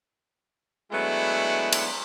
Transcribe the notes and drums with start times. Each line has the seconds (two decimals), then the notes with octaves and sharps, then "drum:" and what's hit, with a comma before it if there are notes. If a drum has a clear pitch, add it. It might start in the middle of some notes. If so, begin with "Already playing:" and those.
0.92 F#3 G#3 A3 B3 D4 E4
1.72 drum: cymbal